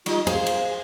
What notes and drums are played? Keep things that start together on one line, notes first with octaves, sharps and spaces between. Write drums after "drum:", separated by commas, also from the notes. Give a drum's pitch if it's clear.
G3 D#4 F4 D#5, drum: cymbal
G#4 C5 F5, drum: cymbal
drum: cymbal